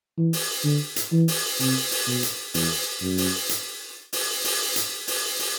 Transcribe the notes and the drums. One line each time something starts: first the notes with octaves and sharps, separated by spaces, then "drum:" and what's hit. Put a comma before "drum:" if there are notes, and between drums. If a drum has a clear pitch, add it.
E3
drum: open hi-hat
D3
drum: hi-hat
E3
drum: open hi-hat
C3, drum: open hi-hat
drum: open hi-hat
B2
drum: hi-hat
E2, drum: open hi-hat
F#2
drum: open hi-hat
drum: hi-hat
drum: open hi-hat
drum: open hi-hat
drum: hi-hat
drum: open hi-hat
drum: open hi-hat